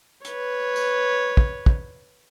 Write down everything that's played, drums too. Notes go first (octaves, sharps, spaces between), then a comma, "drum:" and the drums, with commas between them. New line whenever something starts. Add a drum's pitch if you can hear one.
B4 C#5, drum: hi-hat
drum: tambourine
drum: kick
drum: kick